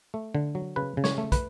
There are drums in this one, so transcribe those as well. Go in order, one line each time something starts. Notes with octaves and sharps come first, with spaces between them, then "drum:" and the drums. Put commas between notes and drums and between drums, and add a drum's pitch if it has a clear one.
A3
D3
F#3
C#3 B4
C#3
C#5, drum: snare
A3
B4, drum: kick, hi-hat